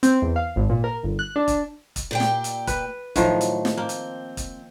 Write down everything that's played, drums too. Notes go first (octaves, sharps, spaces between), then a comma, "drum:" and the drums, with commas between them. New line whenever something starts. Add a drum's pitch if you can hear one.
C4, drum: hi-hat
E2
F5
G#1
A#2
A#4
G1
F#6
D4
drum: kick, hi-hat
drum: kick, hi-hat
A#2 G4 G5
drum: snare
drum: hi-hat
B4, drum: kick, hi-hat
A2 D#3 F3 F#3, drum: kick, hi-hat
drum: hi-hat
drum: snare
A#3 C4
drum: hi-hat
drum: kick, hi-hat